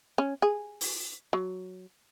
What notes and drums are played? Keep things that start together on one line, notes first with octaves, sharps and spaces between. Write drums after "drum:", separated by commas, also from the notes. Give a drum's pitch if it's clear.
C#4
G#4
drum: open hi-hat
F#3